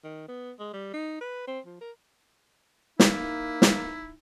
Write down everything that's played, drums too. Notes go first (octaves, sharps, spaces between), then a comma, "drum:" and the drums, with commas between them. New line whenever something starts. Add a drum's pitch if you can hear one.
D#3
B3
G#3
G3
D#4
B4
C4
F3
A#4
A#3 D#4 E4, drum: snare
drum: snare